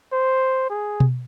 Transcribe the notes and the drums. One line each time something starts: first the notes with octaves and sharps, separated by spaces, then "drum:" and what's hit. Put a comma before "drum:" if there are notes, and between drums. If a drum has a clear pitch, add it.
C5
G#4
drum: tom B2